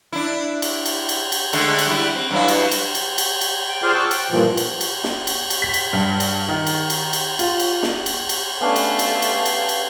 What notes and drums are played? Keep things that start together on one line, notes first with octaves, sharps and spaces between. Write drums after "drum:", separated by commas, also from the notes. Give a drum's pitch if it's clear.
D4 E4
drum: cymbal
drum: cymbal
drum: cymbal
drum: cymbal
D3 G#3 A3, drum: cymbal
drum: cymbal
G3 E4
C4
G2 F#3 E4
drum: cymbal
drum: cymbal
drum: cymbal
drum: cymbal
drum: cymbal
G5
F4 G#4 C5 D5 F5
A5 C#6 D6 E6 F#6
G5, drum: cymbal
G2 A#2 E3 F3
drum: cymbal
drum: cymbal
drum: snare
drum: cymbal
drum: cymbal
B6
drum: cymbal
G2
drum: cymbal
D#3
drum: cymbal
drum: cymbal
drum: cymbal
F4, drum: cymbal
drum: cymbal
drum: snare
drum: cymbal
drum: cymbal
A3 B3 C#4 D4 F5
drum: cymbal
drum: cymbal
drum: cymbal
drum: cymbal
drum: cymbal